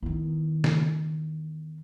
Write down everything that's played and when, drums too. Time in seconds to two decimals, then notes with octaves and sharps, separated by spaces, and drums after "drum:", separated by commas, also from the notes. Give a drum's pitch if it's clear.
0.03 E2 D#3
0.64 drum: snare